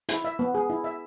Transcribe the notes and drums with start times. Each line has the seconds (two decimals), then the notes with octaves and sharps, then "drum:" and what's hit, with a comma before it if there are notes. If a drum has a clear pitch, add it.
0.09 E4, drum: hi-hat
0.25 E5
0.39 B3
0.55 G#4
0.70 E4
0.84 E5